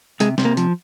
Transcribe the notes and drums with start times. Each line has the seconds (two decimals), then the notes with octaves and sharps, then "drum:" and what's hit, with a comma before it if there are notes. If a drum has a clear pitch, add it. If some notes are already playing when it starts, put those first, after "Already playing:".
0.20 C3 G#3, drum: hi-hat
0.38 C3, drum: snare
0.45 A#3
0.57 F3, drum: hi-hat